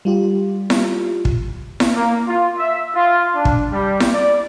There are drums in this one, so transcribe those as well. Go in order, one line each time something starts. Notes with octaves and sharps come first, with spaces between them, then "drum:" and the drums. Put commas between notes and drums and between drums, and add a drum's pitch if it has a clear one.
G3 F4 G4
drum: snare E4
drum: kick
drum: snare E4
A#3
F4
E5
F4
D4
drum: kick
G3
drum: snare E4
D5